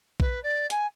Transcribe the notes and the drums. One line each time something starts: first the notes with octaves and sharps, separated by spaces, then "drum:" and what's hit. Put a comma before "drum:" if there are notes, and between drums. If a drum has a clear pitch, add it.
B4, drum: kick A#1
D5
G#5, drum: hi-hat